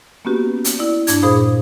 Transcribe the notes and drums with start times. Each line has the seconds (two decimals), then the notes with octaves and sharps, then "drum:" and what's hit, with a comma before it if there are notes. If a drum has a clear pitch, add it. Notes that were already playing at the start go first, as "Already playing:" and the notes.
0.25 A#3 B3 C#4 F#4 G4 B4
0.64 drum: hi-hat
0.79 E4 D5
1.07 G2 D4 A5 G#6, drum: hi-hat
1.22 A#2 G#4 C5 F5 B5 D#6